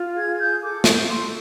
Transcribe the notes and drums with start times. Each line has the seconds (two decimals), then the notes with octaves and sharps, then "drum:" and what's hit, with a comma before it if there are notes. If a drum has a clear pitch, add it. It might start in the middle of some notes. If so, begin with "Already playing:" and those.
Already playing: F4
0.15 G#4 G#6
0.39 G6
0.61 A4 D6
0.84 C#6, drum: snare
1.08 A4 C6